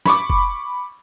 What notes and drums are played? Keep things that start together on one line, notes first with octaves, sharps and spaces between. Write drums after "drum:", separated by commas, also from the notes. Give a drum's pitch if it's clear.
B5 C#6 D6, drum: snare
drum: kick F1